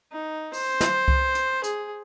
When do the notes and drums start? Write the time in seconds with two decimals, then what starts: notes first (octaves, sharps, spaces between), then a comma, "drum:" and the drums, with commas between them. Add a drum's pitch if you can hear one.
0.11 D#4
0.53 C5, drum: open hi-hat
0.81 drum: snare
1.08 drum: kick C2
1.35 drum: hi-hat
1.64 G#4, drum: hi-hat